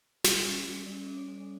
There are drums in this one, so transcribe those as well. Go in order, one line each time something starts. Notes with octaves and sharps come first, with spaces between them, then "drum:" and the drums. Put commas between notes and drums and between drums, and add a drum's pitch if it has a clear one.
G3 E5, drum: snare
C#4
G3
C#4 D5
C#4
C#5
G3